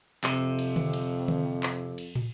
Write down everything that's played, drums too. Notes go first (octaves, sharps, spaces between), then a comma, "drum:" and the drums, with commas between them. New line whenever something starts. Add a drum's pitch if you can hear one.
F2 C3, drum: clap
drum: cymbal
drum: tom D3
drum: cymbal
drum: tom D3
drum: clap
drum: cymbal
drum: tom